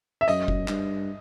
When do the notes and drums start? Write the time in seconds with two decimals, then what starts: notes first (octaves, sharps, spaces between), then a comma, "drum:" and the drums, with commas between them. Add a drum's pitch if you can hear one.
0.21 E5
0.28 F#2 D#5, drum: hi-hat
0.48 drum: kick F1
0.68 G2, drum: clap